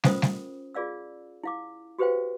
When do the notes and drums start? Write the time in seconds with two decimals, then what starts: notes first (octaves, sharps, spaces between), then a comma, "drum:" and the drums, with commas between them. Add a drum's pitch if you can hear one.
0.04 C#4 F4 A4 A#4 C5 D#6, drum: snare
0.22 drum: snare
0.75 F4 G#4 D5 F5 E6
1.44 E4 F5 D6
1.99 F#4 G4 B4 C5 F5 G5